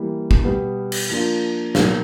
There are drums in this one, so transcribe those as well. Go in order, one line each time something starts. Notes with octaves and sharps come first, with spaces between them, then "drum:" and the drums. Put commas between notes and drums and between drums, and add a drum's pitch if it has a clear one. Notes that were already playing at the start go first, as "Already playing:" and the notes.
Already playing: E3 G3 A#3
drum: kick
B2 G3 B3
drum: cymbal
F3 A#3 D4 F4
B2 F#3 A#3, drum: snare